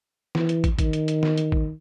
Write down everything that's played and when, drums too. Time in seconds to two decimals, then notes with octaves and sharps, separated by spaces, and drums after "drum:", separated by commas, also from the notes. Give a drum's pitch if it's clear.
0.35 E3, drum: snare
0.49 drum: hi-hat
0.64 drum: kick, hi-hat
0.79 D#3, drum: kick, hi-hat
0.93 drum: hi-hat
1.08 drum: hi-hat
1.23 drum: snare
1.38 drum: hi-hat
1.52 drum: kick